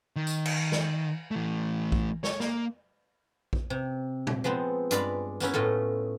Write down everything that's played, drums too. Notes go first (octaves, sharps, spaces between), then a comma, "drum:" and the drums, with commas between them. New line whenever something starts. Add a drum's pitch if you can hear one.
D#3
drum: tambourine
drum: cymbal
drum: snare
E3 A3
drum: kick A#1
C#5, drum: snare
A#3, drum: snare
drum: kick A#1
C3
drum: tom A#2
F3 G#3 B3 C4
G2 G#3 D5 F5 B5, drum: hi-hat
A#3 B3 C#4 E4, drum: tambourine
A2 A3 F4 D#5